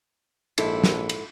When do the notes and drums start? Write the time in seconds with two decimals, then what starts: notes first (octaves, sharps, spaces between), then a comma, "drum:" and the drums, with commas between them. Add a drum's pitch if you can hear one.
0.58 A#1 G#2 E4 A4, drum: cymbal
0.84 drum: snare
1.09 drum: cymbal